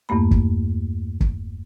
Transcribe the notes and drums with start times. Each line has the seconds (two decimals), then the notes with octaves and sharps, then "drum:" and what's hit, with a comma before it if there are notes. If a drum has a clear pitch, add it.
0.09 E2 G2 A3 A#3 B5
0.31 drum: kick
1.21 drum: kick